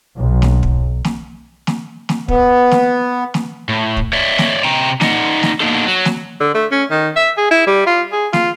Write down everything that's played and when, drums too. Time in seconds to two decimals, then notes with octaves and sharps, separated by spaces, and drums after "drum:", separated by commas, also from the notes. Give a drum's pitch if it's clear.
0.17 B1
0.42 drum: snare
0.63 drum: kick
1.05 drum: snare
1.67 drum: snare
2.09 drum: snare
2.28 B3, drum: kick
2.71 drum: snare
3.34 drum: snare
3.69 A2
3.97 drum: kick
4.13 C#5 D5 E5
4.38 drum: snare
4.64 C3 G5 A#5
5.01 D#4 D5 D#5 F#5, drum: snare
5.43 drum: snare
5.60 A#3 B3 D4 D#4 A4
5.86 F#3
6.05 drum: snare
6.40 D3
6.54 A3
6.72 C#4
6.91 D#3
7.16 E5
7.37 G#4
7.51 E4
7.67 G3
7.87 F4
8.12 G#4
8.33 F4, drum: snare